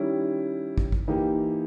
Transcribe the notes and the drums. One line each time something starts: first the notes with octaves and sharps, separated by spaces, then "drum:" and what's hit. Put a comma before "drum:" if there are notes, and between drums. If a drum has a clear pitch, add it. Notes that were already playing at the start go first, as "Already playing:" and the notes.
Already playing: D#3 G3 C#4 E4
drum: kick
drum: kick
E3 A#3 D#4 G4